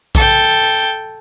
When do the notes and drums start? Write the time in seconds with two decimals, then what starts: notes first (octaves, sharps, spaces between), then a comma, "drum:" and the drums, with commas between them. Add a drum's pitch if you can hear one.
0.15 A4 G5, drum: kick A#1